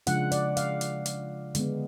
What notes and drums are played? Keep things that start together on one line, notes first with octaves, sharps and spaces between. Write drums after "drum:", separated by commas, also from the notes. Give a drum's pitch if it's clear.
C#3 F3 G#3 D4 F4 F#5, drum: hi-hat
D5, drum: hi-hat
F5, drum: hi-hat
drum: hi-hat
drum: hi-hat
D3 G#3 B3, drum: hi-hat